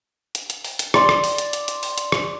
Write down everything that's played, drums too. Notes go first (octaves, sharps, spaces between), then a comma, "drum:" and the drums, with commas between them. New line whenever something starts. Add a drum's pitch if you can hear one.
drum: hi-hat
drum: hi-hat
drum: open hi-hat
drum: hi-hat
D5 C6, drum: rim click
drum: rim click
drum: open hi-hat
drum: hi-hat
drum: hi-hat
drum: hi-hat
drum: open hi-hat
drum: hi-hat
drum: rim click